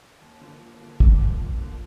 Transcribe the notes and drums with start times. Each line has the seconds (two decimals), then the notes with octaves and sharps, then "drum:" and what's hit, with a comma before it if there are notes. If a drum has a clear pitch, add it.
0.21 D#2
0.41 D3 F3 A#3
0.61 D#2
0.81 D3 F3 A#3
1.00 D#2 D6, drum: kick
1.20 D3 F3 A#3
1.40 D#2
1.60 D3 F3 A#3